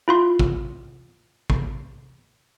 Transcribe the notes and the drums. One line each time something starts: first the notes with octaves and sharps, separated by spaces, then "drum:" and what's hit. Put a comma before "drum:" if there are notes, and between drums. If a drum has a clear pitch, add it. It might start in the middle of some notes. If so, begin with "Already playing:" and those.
E4 F4 C6
drum: kick
drum: kick